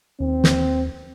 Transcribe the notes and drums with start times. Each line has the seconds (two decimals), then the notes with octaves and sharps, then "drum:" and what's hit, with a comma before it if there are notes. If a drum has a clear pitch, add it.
0.20 D#2 C4
0.44 drum: snare